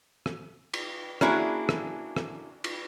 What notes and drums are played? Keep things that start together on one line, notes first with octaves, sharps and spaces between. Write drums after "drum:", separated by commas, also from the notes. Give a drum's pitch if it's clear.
drum: rim click
drum: cymbal
A#3 C#4 D4 E4 F#4 G#4, drum: rim click
drum: rim click
drum: rim click
drum: cymbal